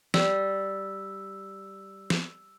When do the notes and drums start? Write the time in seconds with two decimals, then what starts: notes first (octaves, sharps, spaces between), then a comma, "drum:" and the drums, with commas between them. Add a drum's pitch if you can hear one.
0.14 G3 E6, drum: snare
2.10 drum: snare